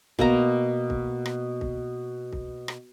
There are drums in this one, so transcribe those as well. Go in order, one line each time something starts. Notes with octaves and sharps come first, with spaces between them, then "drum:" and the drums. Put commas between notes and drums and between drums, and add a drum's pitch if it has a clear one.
B2 A#3 A#5, drum: kick
drum: kick
drum: rim click
drum: kick
drum: kick
drum: rim click